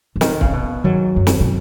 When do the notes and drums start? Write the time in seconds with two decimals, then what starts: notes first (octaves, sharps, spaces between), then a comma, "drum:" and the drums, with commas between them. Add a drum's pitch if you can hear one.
0.16 C#3
0.21 D#3, drum: snare
0.41 C#3, drum: kick C#1
0.53 B2
0.84 G#2 D#3 F#3
1.16 F#2
1.27 drum: snare
1.40 B2